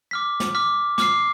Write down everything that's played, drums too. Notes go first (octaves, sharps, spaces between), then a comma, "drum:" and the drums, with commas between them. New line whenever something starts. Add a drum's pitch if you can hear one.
D6 F6 B6
drum: snare
D6 F6 B6
D6 F6 C7, drum: snare